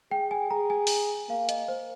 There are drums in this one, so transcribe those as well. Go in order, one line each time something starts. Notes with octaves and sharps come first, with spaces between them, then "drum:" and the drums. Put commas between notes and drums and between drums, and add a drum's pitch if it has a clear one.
G#4 G5
G#5
G#4 A#5
G#5
drum: open hi-hat
A#3 F5
D#5, drum: hi-hat
C5